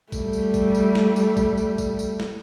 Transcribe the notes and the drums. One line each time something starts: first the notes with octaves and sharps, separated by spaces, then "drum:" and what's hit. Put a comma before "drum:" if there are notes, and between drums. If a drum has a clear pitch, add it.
G3 A3, drum: kick A1, tambourine
drum: tambourine
drum: kick A1, tambourine
drum: tambourine
drum: snare
drum: tambourine
drum: kick A1, tambourine
drum: tambourine
drum: kick A1, tambourine
drum: tambourine
drum: snare